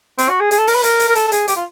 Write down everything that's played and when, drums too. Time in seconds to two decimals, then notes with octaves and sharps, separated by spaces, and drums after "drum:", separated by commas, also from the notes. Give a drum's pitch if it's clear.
0.18 C4, drum: hi-hat
0.29 F#4
0.40 G#4
0.51 G#4, drum: hi-hat
0.58 A4
0.67 A#4, drum: open hi-hat
0.75 B4
0.83 A#4, drum: hi-hat
1.00 drum: hi-hat
1.09 A#4
1.15 A4, drum: hi-hat
1.27 A4
1.32 G#4, drum: hi-hat
1.48 G4, drum: hi-hat
1.56 F4